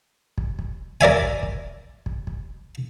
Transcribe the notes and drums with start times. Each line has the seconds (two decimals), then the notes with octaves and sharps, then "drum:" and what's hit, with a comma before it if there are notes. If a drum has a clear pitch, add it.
0.38 drum: kick
0.59 drum: kick
1.01 A#4 D5 E5 G#5
1.22 drum: kick
1.43 drum: kick
2.06 drum: kick
2.27 drum: kick